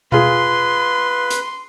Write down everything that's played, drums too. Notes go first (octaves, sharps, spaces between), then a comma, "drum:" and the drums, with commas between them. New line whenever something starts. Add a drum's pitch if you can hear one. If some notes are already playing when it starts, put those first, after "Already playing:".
F4 G#4 B4 C6, drum: tom B2
drum: hi-hat